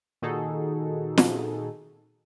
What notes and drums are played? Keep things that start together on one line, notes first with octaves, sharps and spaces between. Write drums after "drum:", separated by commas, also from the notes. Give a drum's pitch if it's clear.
A#2 D#3 D#4 F#4 G#4 A4
drum: snare